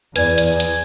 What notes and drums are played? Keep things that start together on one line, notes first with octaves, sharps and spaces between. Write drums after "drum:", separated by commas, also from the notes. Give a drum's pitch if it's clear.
E2 B4 D5 G#5, drum: hi-hat
drum: hi-hat
drum: hi-hat